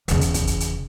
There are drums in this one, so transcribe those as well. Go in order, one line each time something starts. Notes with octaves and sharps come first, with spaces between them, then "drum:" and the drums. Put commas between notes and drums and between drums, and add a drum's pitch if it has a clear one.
E2 C#3, drum: hi-hat
drum: hi-hat
drum: kick, hi-hat
drum: hi-hat
drum: hi-hat